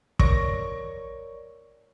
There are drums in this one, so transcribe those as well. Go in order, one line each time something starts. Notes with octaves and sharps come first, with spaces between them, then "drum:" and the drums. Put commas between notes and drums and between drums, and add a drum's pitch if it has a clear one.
A#4 C#5 D5 C#6 A#6 D7, drum: kick